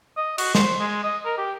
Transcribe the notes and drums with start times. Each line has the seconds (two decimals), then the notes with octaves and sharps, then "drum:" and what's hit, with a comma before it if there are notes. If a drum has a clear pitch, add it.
0.17 D#5
0.38 F#4, drum: cymbal
0.55 C5, drum: snare
0.80 G#3
1.04 D#5
1.25 A#4
1.38 G4